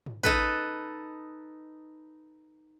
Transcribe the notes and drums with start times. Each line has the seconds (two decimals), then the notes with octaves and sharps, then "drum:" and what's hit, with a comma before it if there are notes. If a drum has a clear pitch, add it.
0.06 drum: tom
0.23 D#4 A4 B4, drum: kick